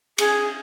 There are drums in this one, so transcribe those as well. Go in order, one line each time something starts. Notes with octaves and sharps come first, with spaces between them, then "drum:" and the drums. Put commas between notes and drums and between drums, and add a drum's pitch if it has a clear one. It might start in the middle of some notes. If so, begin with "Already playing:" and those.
G#4, drum: cymbal